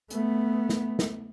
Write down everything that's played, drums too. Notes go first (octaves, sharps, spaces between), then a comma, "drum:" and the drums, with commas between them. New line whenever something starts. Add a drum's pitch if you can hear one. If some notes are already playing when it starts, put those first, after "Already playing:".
A3 B3, drum: hi-hat
drum: snare
drum: snare